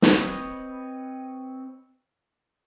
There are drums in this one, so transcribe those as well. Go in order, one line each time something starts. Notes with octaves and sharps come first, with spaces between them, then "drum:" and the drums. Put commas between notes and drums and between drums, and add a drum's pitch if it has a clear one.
C4 B4 C#5 D#5, drum: snare